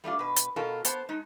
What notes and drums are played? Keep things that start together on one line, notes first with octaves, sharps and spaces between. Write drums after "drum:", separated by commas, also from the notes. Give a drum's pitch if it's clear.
G3 A3 D4 F4
B2 B4
drum: hi-hat
B2 F4 A4 A#4
B3 C5 A5, drum: hi-hat
G#3 D#4